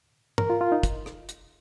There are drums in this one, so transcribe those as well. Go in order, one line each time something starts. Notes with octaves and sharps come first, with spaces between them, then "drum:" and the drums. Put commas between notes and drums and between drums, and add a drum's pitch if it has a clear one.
A#4, drum: tom
F4
F4
D#4
drum: kick, hi-hat
drum: rim click
drum: hi-hat